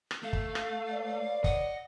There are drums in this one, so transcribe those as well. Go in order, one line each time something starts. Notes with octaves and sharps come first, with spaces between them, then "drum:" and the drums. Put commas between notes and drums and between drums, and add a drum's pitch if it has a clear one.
drum: rim click
A3 F5
drum: kick
drum: rim click
B4 C#5 D5
D#5 F#5, drum: kick